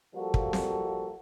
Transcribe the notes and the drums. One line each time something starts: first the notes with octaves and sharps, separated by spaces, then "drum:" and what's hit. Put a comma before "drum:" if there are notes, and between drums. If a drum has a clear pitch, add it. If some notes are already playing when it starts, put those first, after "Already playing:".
F3 G3 A#3 F#4 A4
drum: kick
drum: snare C4